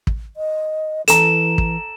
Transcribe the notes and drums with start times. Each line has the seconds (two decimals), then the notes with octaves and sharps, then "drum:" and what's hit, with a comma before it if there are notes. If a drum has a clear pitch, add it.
0.07 drum: kick
0.37 D#5
1.08 E3 A4 A#5 E7, drum: hi-hat
1.58 drum: kick